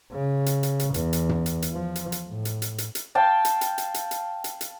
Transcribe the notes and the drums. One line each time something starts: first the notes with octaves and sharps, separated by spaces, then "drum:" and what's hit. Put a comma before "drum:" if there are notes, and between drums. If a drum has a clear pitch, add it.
C#3
drum: hi-hat
drum: hi-hat
drum: hi-hat
E2, drum: hi-hat
drum: hi-hat
drum: tom
drum: hi-hat
drum: hi-hat
F3
drum: hi-hat
drum: hi-hat
A2
drum: hi-hat
drum: hi-hat
drum: hi-hat
drum: hi-hat
F5 G5 A5
drum: hi-hat
drum: hi-hat
drum: hi-hat
drum: hi-hat
drum: hi-hat
drum: hi-hat
drum: hi-hat